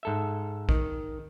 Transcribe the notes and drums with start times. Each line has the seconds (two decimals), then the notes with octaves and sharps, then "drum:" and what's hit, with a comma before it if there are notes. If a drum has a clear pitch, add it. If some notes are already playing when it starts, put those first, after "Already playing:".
0.03 G#2 A4 E5
0.69 D#3, drum: kick A#1